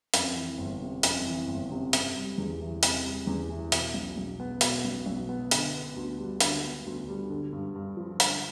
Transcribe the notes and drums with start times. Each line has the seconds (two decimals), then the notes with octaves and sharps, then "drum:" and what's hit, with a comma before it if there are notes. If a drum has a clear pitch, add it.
0.14 F2, drum: hi-hat
0.36 E3
0.58 G1
0.81 C3
1.03 F2, drum: hi-hat
1.26 E3
1.47 G1
1.70 C3
1.93 C3, drum: hi-hat
2.15 G3
2.38 E2
2.60 E3
2.83 C3, drum: hi-hat
3.04 G3
3.27 E2
3.50 E3
3.72 B2, drum: hi-hat
3.94 B1
4.17 B1
4.40 B3
4.61 B2, drum: hi-hat
4.84 B1
5.06 B1
5.29 B3
5.51 D3, drum: hi-hat
5.73 B3
5.96 D2
6.18 G3
6.40 D3, drum: hi-hat
6.64 B3
6.86 D2
7.08 G3
7.30 D3
7.52 G2
7.75 G2
7.97 F3
8.20 D3, drum: hi-hat